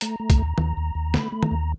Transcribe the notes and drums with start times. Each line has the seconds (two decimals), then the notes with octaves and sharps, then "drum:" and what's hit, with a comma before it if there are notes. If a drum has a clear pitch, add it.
0.01 A3 A#5, drum: hi-hat
0.20 A3
0.30 drum: kick B1, hi-hat
0.39 D#2
0.58 D#2, drum: tom D#3
0.77 D#2
0.95 D#2
1.14 A3 B5, drum: snare
1.32 A3
1.43 A#5, drum: tom D#3
1.51 D#2